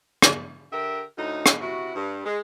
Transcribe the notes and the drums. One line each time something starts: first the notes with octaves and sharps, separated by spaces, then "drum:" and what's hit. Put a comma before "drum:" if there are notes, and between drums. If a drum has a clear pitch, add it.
drum: rim click
D3 G4 A#4 E5
D2 A2 D#4
drum: rim click
C3 E4 F#4
G2
G#3